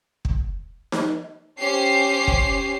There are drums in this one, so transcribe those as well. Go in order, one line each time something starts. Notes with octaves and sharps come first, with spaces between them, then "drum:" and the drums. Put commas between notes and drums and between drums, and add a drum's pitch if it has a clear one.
drum: kick
drum: snare D#4
C#4 G4 C5 C7
drum: kick